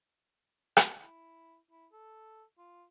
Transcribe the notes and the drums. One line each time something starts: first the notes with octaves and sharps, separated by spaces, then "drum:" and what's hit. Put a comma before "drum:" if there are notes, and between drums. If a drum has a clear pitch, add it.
drum: rim click
E4
E4
A4
F4